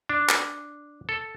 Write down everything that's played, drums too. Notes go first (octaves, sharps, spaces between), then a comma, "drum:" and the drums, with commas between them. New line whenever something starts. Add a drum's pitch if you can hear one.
D4
drum: clap
A4